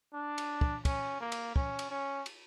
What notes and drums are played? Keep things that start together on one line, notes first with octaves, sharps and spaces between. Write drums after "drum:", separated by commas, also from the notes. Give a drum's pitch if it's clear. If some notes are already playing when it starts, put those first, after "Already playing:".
D4
drum: cymbal
drum: kick
C#4, drum: kick, cymbal
A#3
drum: cymbal
C#4, drum: kick
drum: cymbal
C#4
drum: cymbal